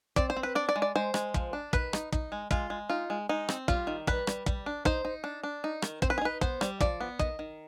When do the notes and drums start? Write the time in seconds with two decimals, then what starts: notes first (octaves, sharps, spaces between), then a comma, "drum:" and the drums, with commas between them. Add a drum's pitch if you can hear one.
0.16 C4 D5, drum: kick
0.30 C5
0.37 C4
0.43 B4
0.55 D4 D5
0.69 D5
0.76 G#3
0.82 D5
0.96 G#3 C5
1.14 G#3, drum: rim click
1.34 F3, drum: kick
1.53 D4
1.73 D#3 B4, drum: kick
1.93 D#4, drum: rim click
2.12 D#4, drum: kick
2.32 G#3
2.51 G#3 F4, drum: kick
2.70 G#3
2.90 D#4 F4
3.10 G#3
3.29 G#3 D#4
3.49 C4, drum: rim click
3.68 G3 F4, drum: kick
3.87 D#3
4.07 G3 B4, drum: kick
4.27 G3, drum: rim click
4.46 G3, drum: kick
4.66 D4
4.85 D#4 C5, drum: kick
5.05 D#4
5.24 D4
5.43 D4
5.64 D#4
5.82 D#3, drum: rim click
6.02 C4 C5, drum: kick
6.10 B4
6.18 G#4
6.21 D#4 B4
6.41 B3 C5, drum: kick
6.61 G3, drum: rim click
6.80 F3 D5, drum: kick
7.01 B3
7.19 D#3 D#5, drum: kick
7.39 D#3